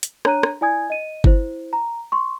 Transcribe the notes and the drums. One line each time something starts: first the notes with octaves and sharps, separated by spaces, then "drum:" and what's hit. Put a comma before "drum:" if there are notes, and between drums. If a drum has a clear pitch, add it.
drum: hi-hat
D4 C#5 A#5 F#6 D#7, drum: rim click
drum: rim click
E4 D5 G#5 D#6 G#6
D#5 D#7
E4 C5, drum: kick G1
A#5
C6 C#6